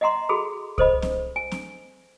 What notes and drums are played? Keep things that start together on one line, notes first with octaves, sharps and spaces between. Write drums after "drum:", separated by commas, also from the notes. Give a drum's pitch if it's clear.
D#5 E5 F#5 A#5 C6
F#4 G#4 A4 B5
A4 C5 D#5 B5, drum: kick C2
drum: snare C4
G#5
drum: snare C4